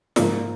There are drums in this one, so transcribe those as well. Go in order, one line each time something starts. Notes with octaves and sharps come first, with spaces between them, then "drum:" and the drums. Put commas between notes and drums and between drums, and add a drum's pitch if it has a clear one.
G#2 F3 A#3, drum: snare